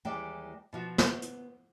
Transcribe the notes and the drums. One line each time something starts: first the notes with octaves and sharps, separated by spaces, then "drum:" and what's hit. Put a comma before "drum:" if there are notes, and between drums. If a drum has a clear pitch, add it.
D#2 E3 G3 G#3 D5 G5
B2 F3 F#4
B3, drum: snare
drum: hi-hat